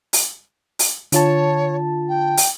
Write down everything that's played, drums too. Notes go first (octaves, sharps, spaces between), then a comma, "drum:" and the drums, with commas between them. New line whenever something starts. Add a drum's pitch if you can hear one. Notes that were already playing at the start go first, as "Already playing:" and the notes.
drum: open hi-hat
drum: open hi-hat
D3 F4 C#5 A5, drum: hi-hat
G5
drum: open hi-hat